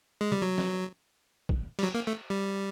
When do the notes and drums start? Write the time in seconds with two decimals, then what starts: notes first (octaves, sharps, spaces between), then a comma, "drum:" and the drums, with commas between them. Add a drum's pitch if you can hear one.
0.21 G#3
0.32 G3, drum: tom
0.42 F#3
0.58 drum: snare
1.49 drum: kick
1.79 G3, drum: cymbal
1.83 F#3
1.94 A#3
2.07 A3
2.30 G3